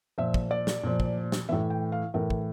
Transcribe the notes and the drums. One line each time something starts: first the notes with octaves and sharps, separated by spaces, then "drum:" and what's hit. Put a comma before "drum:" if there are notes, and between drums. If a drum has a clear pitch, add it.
A#2 F3 E5
drum: kick
D5
drum: snare
A#2 F3
drum: kick
drum: snare
A2 E3 E5
G5
F5
A2 E3 A#4
drum: kick